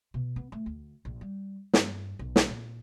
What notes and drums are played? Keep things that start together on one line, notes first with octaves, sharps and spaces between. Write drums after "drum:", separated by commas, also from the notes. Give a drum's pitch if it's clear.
B2
B3
A3
D2
A#1
G3
G2, drum: snare
B1
drum: snare
A#2